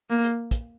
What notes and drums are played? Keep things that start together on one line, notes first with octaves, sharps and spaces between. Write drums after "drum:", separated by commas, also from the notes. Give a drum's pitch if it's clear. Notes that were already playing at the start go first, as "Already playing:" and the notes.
A#3
drum: hi-hat
drum: kick, hi-hat